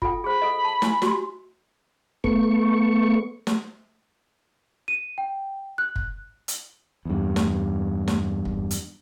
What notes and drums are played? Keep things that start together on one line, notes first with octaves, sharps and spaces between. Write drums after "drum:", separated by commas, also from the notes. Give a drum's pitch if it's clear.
F4 A4 G5, drum: kick
G#4 C5 B5
A4 D#5
A5
E4 G#5, drum: snare
F#4 G4 C6, drum: snare
A3 B3 C#6, drum: kick
drum: snare
D#7
G5
F#6
drum: kick
drum: hi-hat
E2 G2
drum: snare
drum: snare
drum: kick
drum: hi-hat